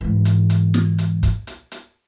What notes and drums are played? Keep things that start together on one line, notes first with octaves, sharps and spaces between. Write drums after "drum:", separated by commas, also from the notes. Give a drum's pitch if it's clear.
G#2 E3
drum: hi-hat
drum: hi-hat
drum: snare
drum: hi-hat
drum: kick, hi-hat
drum: hi-hat
drum: hi-hat